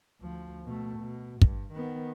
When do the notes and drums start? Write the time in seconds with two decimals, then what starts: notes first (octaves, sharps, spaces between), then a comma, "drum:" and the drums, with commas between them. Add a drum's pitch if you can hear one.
0.20 D2 F3
0.65 B2 A3
0.98 B2
1.42 G2, drum: kick
1.72 D#3 B3